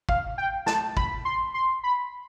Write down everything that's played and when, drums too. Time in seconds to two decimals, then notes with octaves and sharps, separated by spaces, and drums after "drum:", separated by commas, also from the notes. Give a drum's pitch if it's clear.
0.09 F5, drum: kick
0.38 G5
0.66 A5, drum: snare
0.97 B5, drum: kick
1.25 C6
1.54 C6
1.83 B5